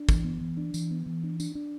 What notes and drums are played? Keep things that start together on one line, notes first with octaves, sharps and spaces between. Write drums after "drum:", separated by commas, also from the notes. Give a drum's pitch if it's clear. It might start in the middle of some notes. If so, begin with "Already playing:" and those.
Already playing: D4
E3, drum: kick, tambourine
B3
E3
D4
E3, drum: tambourine
B3
E3
D4
D4, drum: tambourine
D4